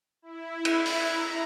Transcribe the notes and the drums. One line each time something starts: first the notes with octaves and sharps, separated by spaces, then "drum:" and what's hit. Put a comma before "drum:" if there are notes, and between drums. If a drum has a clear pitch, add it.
E4
drum: cymbal
drum: open hi-hat
A#5